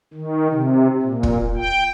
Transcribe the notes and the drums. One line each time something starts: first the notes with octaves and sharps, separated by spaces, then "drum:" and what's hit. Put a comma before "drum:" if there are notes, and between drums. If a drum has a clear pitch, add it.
D#3
C3
A#2
drum: kick
G5